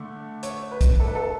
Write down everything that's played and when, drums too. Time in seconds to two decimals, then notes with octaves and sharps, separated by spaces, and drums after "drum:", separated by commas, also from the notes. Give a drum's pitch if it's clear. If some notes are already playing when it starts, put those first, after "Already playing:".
Already playing: D3 A3
0.43 C#5, drum: hi-hat
0.72 B4
0.81 drum: kick, hi-hat
1.00 A4
1.07 B4
1.15 A4